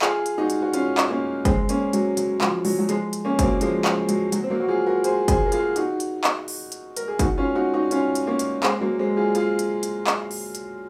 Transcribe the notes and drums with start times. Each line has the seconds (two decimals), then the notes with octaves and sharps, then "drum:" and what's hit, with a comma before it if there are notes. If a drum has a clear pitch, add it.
0.02 F4 G#4, drum: clap
0.26 drum: hi-hat
0.38 D#4 F#4
0.50 drum: hi-hat
0.62 F#4
0.74 C#4 F4, drum: hi-hat
0.98 drum: clap
1.09 A#3 C#4
1.45 G#3 C4, drum: kick, hi-hat
1.69 A#3 C#4, drum: hi-hat
1.93 F#3, drum: hi-hat
2.17 F#3, drum: hi-hat
2.41 F3, drum: clap
2.65 F#3, drum: open hi-hat
2.79 F#3
2.89 F3 G#3, drum: hi-hat
3.13 drum: hi-hat
3.25 A#3 C#4
3.39 C4, drum: kick, hi-hat
3.43 F#3 A#3
3.61 F3 G#3, drum: hi-hat
3.85 drum: clap
4.09 F#3, drum: hi-hat
4.32 F#3, drum: hi-hat
4.43 C4
4.50 F#3 A#3
4.60 F#4
4.68 F4 G#4
4.86 F#4 A#4
5.04 G#4 C5, drum: hi-hat
5.28 G#4 C5, drum: kick, hi-hat
5.46 A#4
5.52 F4 G#4, drum: hi-hat
5.76 D#4 F#4, drum: hi-hat
6.00 drum: hi-hat
6.24 drum: clap
6.48 drum: open hi-hat
6.72 drum: hi-hat
6.97 A#4, drum: hi-hat
7.08 G#4
7.19 D#4 F#4, drum: kick, hi-hat
7.37 C#4 F4
7.55 D#4 F#4
7.74 D#4 F#4
7.91 C#4 F4, drum: hi-hat
8.15 drum: hi-hat
8.27 A#3 C#4
8.39 drum: hi-hat
8.63 G#3 C4, drum: clap
8.81 F#3 A#3
8.99 G#3 C4
9.17 F4 G#4
9.35 F4 G#4, drum: hi-hat
9.59 drum: hi-hat
9.83 drum: hi-hat
10.07 drum: clap
10.31 drum: open hi-hat
10.55 drum: hi-hat